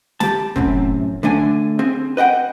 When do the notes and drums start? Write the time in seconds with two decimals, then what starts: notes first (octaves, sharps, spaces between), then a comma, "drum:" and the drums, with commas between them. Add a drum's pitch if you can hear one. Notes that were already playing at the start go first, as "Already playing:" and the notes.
0.20 G4 A5, drum: snare
0.56 F#2 A2 C3, drum: kick
1.23 D3 A3 D4 G#5
1.79 C4 G#4
2.17 B4 D#5 F#5 G5